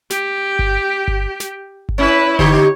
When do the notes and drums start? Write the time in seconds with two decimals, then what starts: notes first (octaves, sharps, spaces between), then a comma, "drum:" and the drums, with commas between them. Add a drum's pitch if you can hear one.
0.10 G4, drum: snare
0.59 drum: kick G1
1.08 drum: kick G1
1.40 drum: snare
1.89 drum: kick G1
1.98 C#4 E4 B4
2.39 D3 D#4 G4 C#5, drum: kick G1